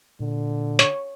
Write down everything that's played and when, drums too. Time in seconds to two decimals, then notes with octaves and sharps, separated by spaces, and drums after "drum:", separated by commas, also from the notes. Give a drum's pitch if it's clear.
0.20 A#2 D3
0.79 C#5, drum: hi-hat